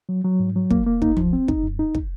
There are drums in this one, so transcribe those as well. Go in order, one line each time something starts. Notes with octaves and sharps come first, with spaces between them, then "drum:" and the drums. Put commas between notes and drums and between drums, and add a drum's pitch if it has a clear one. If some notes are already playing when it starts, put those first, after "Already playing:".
F#3
F#3
G#2
F#3
A#3, drum: kick
A#3
D#4, drum: kick
F3, drum: tom
C4
D#4, drum: kick
F#2
D#4
drum: kick